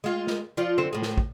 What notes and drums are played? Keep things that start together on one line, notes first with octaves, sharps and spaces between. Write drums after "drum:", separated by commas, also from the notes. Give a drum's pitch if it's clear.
G#3 F4
drum: snare
F3 F4 D5
F#2 D3 C4
A2 G#4
drum: snare
drum: kick